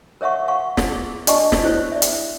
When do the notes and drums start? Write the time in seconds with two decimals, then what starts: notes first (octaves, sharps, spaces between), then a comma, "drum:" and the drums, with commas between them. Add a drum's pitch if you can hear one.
0.21 A#4 C#5 E5 F#5 C#6
0.48 F5 F#5 C#6
0.77 drum: snare
0.92 G#4
1.27 D4 A4 D5 D#5 A5 C#6, drum: hi-hat
1.52 drum: snare
1.63 E4 A4 C5 C#5
1.92 D5 E5
2.02 drum: hi-hat